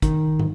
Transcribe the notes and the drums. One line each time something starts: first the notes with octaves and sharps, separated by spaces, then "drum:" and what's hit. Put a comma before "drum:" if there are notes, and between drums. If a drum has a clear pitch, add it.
D#3, drum: kick, hi-hat
drum: tom